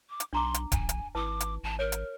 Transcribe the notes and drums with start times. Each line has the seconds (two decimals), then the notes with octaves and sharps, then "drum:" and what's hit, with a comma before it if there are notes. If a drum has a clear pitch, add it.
0.09 D6
0.20 drum: hi-hat
0.33 B1 D4 A#5 C6 D6
0.54 drum: hi-hat
0.72 A#1 G#5, drum: kick D1, hi-hat
0.89 drum: hi-hat
1.15 G#1 E4 B4 A5 D6
1.40 drum: hi-hat
1.63 G#1 A5
1.79 A#4 C#5
1.92 drum: hi-hat